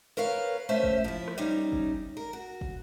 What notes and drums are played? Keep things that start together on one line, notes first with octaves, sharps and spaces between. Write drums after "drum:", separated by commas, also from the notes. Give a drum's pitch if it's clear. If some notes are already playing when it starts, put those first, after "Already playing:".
A#4 B4 C#5 F5
A3 C#4 C5 E5
drum: kick
F3 E4
drum: rim click
G3 C#4 D#4
drum: kick
A#4
F#4
drum: kick